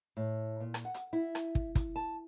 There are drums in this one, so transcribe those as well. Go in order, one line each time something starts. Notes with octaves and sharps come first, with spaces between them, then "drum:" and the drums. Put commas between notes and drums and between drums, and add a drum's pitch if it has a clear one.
A2
A#2
drum: rim click
F#5
drum: hi-hat
E4
drum: rim click
drum: kick
drum: kick, hi-hat
A5